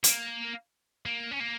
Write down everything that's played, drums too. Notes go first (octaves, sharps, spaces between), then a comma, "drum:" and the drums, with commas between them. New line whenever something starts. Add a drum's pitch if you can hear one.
A#3, drum: hi-hat
A#3
C#4
A#3